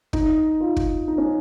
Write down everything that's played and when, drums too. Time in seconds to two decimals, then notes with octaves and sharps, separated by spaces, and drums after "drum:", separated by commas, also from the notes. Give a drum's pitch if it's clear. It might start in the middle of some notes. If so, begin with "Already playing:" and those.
0.13 D#4, drum: kick
0.60 F4
0.76 drum: kick
1.08 D#4
1.18 C#4